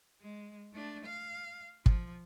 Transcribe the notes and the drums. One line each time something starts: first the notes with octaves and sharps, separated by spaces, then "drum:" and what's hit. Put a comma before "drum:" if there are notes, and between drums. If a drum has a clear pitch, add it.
G#3
A3 D4
F5
F3, drum: kick